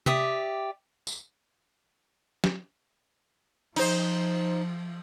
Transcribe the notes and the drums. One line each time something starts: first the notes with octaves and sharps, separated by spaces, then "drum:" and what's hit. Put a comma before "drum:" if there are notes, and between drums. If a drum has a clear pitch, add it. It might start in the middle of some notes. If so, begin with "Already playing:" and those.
G4 D5 E5 D#6, drum: tom C3
drum: tambourine
drum: snare
F3 D#4 C5, drum: cymbal